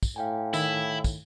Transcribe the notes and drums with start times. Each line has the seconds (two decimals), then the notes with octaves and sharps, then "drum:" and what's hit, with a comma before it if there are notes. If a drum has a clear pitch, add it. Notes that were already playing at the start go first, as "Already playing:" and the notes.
0.03 drum: kick, tambourine
0.16 A2 F5 G5 G#5
0.54 D#3 E4, drum: tambourine
1.04 drum: kick, tambourine